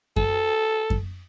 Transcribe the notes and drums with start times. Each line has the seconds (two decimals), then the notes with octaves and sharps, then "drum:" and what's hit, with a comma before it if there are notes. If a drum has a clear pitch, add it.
0.16 A4, drum: kick F#2
0.90 drum: kick F#2